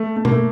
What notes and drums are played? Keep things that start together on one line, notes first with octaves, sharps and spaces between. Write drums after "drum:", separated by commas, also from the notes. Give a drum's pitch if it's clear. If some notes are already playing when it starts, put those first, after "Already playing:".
Already playing: A3
A3
A#3, drum: tom B2
A3